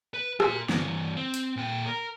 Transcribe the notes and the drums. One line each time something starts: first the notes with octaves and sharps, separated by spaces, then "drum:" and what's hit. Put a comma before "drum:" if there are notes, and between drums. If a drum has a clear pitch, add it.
B4
A#4 C6, drum: rim click
G2 E3, drum: snare
C4
drum: hi-hat
A#2 G5
A#4